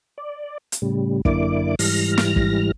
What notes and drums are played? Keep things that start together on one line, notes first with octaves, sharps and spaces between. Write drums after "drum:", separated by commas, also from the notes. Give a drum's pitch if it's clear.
D5
drum: hi-hat
A2 C#3 G3
F#2 D3 A#3 E4 D5 D6, drum: kick
G#2 E3 G3 F6 A#6, drum: open hi-hat
drum: snare
drum: kick